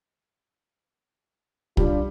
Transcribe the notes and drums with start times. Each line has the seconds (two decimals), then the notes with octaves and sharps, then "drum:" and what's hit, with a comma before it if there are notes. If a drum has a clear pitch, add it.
1.77 G3 D4 F4, drum: kick